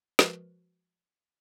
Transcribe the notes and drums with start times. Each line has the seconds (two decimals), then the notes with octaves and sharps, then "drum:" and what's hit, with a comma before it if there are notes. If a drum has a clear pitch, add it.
0.19 F3 G#3 F#4 A#4 B4, drum: snare